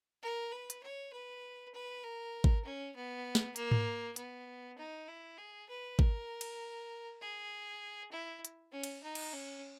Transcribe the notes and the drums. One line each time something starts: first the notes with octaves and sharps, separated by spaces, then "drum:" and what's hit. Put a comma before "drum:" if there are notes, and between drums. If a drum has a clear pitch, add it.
A#4
B4
drum: hi-hat
C#5
B4
B4
A#4
drum: kick G#1
C#4
B3
drum: snare
A#3, drum: hi-hat
drum: tom G#2
B3, drum: hi-hat
D#4
E4
G#4
B4
A#4, drum: kick G#1
drum: cymbal
G#4
E4
drum: hi-hat
C#4
drum: cymbal
D#4
drum: cymbal
C#4